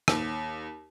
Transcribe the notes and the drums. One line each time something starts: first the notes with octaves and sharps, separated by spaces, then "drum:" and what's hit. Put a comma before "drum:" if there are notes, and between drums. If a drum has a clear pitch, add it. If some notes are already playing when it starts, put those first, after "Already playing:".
D#2, drum: rim click